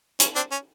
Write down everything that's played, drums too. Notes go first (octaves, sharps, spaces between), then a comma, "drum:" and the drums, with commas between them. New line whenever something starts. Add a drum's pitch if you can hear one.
C#4, drum: hi-hat
C4 D4
C#4